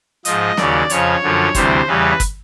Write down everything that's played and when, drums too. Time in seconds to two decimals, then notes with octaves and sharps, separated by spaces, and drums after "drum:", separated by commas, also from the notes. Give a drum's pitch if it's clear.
0.25 G#2 F3 D#5, drum: hi-hat
0.57 D#2 C#3 F#3 D5, drum: snare
0.90 F2 C#3 F3 C#5, drum: hi-hat
1.22 F#2 D3 F3
1.55 D2 C3 E3 G3 C5, drum: kick, hi-hat
1.87 E2 C#3 E3 G3 B4
2.20 drum: kick, hi-hat